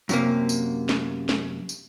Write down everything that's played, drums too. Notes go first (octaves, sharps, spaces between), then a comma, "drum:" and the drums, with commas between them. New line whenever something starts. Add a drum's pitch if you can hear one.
F#2 C3 A#3, drum: tambourine
drum: tambourine
drum: snare
drum: snare
drum: tambourine